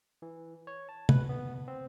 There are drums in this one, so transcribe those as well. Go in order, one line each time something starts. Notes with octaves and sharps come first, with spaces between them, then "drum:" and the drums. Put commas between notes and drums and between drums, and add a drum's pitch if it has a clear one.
E3
C#5
A5
B4, drum: tom
B3
C4